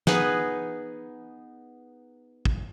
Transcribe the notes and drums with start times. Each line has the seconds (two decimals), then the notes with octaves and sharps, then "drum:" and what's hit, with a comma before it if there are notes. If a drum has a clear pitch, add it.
0.07 B3 D#4 G#4 B4, drum: snare
2.45 drum: kick